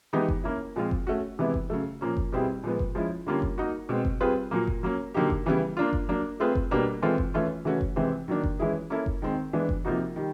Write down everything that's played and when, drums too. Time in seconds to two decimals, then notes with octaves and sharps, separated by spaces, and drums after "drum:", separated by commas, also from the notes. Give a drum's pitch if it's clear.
0.13 E3 G#3 B3 D#4 G4
0.29 drum: kick F#1
0.44 A#3 C#4 E4
0.76 A#2 F3 G#3 C4 F4
0.91 drum: kick F#1
1.07 A3 C#4 F#4
1.39 C3 E3 G#3 B3 E4
1.54 drum: kick F#1
1.70 C#3 F#3 A3
2.01 A#2 F3 A#3 C#4
2.17 drum: kick F#1
2.32 B2 G3 C4 E4 G#4
2.64 A#2 F3 G#3 B3
2.79 drum: kick F#1
2.95 F3 G#3 C#4 E4
3.26 D3 G3 A#3 C#4 F4
3.42 drum: kick F#1
3.58 A#3 D#4 F#4
3.89 B2 G#3 C4
4.05 drum: kick F#1
4.20 G3 C4 F4 G#4 B4
4.51 A#2 F#3 A#3
4.67 drum: kick F#1
4.83 F#3 A#3 C#4
5.14 D3 F#3 A#3 D#4 G4
5.30 drum: kick F#1
5.46 C#3 E3 G3 B3 E4
5.77 A#3 D4 F4
5.93 drum: kick F#1
6.09 F#3 A#3 D4
6.40 A3 C4 F4 G#4 B4
6.55 drum: kick F#1
6.71 B2 G3 A#3 D4
7.02 E3 G#3 C4 F4 A4
7.18 drum: kick F#1
7.34 E3 A3 C#4 F4
7.65 C#3 E3 A3 C#4 F#4
7.81 drum: kick F#1
7.96 C3 E3 G#3 C4
8.28 D#3 F#3 A#3 D4
8.44 drum: kick F#1
8.59 E3 G#3 C#4 E4 G#4
8.90 A#3 C#4 E4 A4
9.06 drum: kick F#1
9.22 D#3 G#3 C4
9.53 E3 G#3 B3 D4
9.69 drum: kick F#1
9.85 C3 F3 A#3 D#4 F#4
10.16 D#3 G3